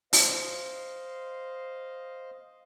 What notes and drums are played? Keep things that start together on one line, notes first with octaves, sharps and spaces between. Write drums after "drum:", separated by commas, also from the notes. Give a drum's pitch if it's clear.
C5 D#5 F5, drum: open hi-hat